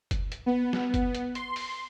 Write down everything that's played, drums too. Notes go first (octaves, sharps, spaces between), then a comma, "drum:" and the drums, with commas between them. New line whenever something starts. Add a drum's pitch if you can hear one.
drum: kick F#1, hi-hat
drum: hi-hat
B3
drum: snare
drum: kick F#1, hi-hat
drum: hi-hat
C6, drum: hi-hat
drum: open hi-hat